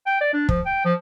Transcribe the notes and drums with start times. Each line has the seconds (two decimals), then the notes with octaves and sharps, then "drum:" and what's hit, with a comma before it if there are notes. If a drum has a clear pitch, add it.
0.06 G5
0.21 D5
0.33 D4
0.49 F3, drum: kick
0.66 G5
0.85 F3